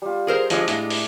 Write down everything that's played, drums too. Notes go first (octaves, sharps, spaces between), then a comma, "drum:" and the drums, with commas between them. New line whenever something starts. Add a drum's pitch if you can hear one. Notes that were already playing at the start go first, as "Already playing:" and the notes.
G3 F4
G#4 A#4 C5
F3 G#3 D4 D#5, drum: hi-hat
A2 G#3 E5, drum: hi-hat
drum: open hi-hat